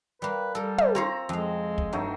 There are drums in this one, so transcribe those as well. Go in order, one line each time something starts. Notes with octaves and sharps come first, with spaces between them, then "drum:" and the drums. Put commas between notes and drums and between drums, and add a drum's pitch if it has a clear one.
G3 A#3 B4
G3 A4 A#4
drum: tom
C4 F4 C#5 F5 A#5
F2 G#3 F5
drum: kick
G2 F#3 A3 D#4